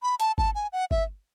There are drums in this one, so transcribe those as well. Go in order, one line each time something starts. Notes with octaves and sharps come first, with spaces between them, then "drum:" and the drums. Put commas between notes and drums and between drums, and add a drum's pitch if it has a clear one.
B5
A5, drum: hi-hat
A5, drum: kick G1
G#5
F#5
E5, drum: kick G1